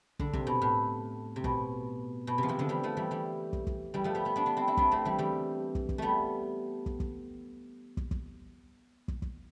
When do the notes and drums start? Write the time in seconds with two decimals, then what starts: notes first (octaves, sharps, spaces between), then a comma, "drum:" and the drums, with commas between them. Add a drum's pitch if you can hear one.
0.19 D3, drum: kick
0.33 C3, drum: kick
0.47 B2
0.62 A2
1.36 C3
1.44 B2, drum: kick
2.27 B2
2.38 C3 F3
2.48 C3 E3
2.59 D3 F3
2.69 E3 G3
2.83 F3 A3
2.97 E3 G3
3.11 E3 G3
3.53 drum: kick
3.67 drum: kick
3.94 E3 G3
4.04 F3 A3
4.15 G3 B3
4.25 G3 B3
4.36 B3 D4
4.46 B3 D4
4.57 C4 E4
4.67 C4 E4
4.77 B3 D4, drum: kick
4.91 A3 C4
5.05 E3 G3
5.18 E3 G3
5.75 drum: kick
5.89 drum: kick
5.98 G3 A3 B3
6.86 drum: kick
7.00 drum: kick
7.97 drum: kick
8.11 drum: kick
9.08 drum: kick
9.22 drum: kick